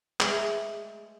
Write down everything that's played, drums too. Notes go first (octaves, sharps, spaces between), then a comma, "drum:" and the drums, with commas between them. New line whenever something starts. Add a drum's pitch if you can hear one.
G#3 A3 D5, drum: clap